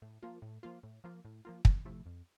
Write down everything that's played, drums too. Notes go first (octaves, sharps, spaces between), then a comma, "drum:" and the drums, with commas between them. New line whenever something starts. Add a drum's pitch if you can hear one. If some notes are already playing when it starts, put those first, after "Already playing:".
A2
F3 A#3 F4
A2
F3 A#3 F4
A2
F3 A#3 F4
A2
F3 A#3 F4
F2, drum: kick
C3 F3 A3 E4
F2